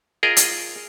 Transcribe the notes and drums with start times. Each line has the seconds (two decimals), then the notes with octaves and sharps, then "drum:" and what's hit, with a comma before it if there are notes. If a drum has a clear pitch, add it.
0.23 F4 G#4 A#4 D#5
0.37 drum: hi-hat